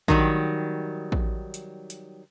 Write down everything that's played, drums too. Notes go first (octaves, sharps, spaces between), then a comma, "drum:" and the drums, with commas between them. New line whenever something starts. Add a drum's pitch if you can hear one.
D#3 F#3 G3, drum: kick
drum: kick
drum: hi-hat
drum: hi-hat